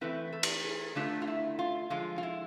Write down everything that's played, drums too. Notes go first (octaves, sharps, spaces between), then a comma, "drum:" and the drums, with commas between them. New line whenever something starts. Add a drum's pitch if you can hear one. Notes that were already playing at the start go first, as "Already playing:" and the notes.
E3 A3 C4 E4 B4
A4
drum: cymbal
G#4
D3 A3 D4 F4
F4
E4
F4
D3 F3 G#3 F4
F4
E4